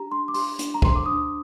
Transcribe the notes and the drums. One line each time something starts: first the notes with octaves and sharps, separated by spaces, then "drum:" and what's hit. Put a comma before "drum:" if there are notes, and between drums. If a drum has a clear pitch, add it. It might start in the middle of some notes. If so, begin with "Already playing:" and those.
Already playing: D4 G4 A#5
D4 C6
D6
G4 C6, drum: open hi-hat
D4, drum: hi-hat
A#5
C5 C6, drum: kick
D6
D4 D#6